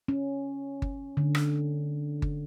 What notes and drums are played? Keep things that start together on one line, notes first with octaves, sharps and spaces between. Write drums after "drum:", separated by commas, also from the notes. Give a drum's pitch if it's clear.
C#4
drum: kick G1
D3
drum: rim click
drum: kick G1